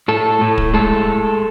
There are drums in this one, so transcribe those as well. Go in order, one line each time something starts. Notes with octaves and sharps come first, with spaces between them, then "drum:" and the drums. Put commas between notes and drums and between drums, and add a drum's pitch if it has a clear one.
A2 A4
A2
drum: kick
G#3 A4